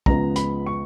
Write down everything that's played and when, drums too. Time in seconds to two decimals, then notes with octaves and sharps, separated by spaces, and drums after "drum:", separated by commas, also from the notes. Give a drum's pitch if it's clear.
0.06 C#2 C#3 F3 G#3 B3 A#5, drum: kick
0.36 B5, drum: hi-hat
0.66 C#6